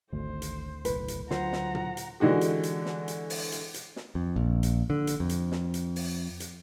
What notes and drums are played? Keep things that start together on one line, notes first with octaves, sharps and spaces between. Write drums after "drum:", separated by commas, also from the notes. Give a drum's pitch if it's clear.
G#1 D2 C5
drum: hi-hat
F#1 B1 A2 B4, drum: hi-hat
drum: hi-hat
D3 F#3 F4 C5 F#5 A#5, drum: snare
drum: snare
drum: tom A#2
drum: hi-hat
D3 E3 G#3 F#4 G4
drum: hi-hat
drum: hi-hat
drum: snare
drum: hi-hat
drum: open hi-hat
drum: hi-hat
drum: hi-hat
drum: snare
F2
A#1
drum: hi-hat
D3
drum: hi-hat
F2
drum: hi-hat
drum: snare
drum: hi-hat
drum: open hi-hat
drum: hi-hat